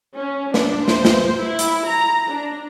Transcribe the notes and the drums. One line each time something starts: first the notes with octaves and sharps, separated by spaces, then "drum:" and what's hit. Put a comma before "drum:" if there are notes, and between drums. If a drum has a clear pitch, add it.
C#4
D4, drum: snare
C5, drum: snare
drum: snare
E4
drum: hi-hat
A#5
D4